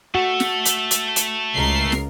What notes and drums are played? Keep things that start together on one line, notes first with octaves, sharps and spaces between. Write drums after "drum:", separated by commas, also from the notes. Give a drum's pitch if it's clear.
A3 F#4 A4
drum: snare
drum: hi-hat
drum: hi-hat
drum: hi-hat
C#2 A#4 C7
drum: snare